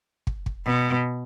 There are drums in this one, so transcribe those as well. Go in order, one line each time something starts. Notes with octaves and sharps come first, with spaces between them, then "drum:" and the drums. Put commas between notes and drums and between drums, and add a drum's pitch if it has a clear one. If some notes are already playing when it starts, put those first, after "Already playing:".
drum: kick
drum: kick
B2